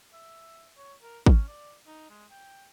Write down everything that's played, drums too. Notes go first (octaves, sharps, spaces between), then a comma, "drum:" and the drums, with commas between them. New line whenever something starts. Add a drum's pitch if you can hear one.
E5
C#5
A#4
C#4, drum: kick
D5
D#4
G#3
G5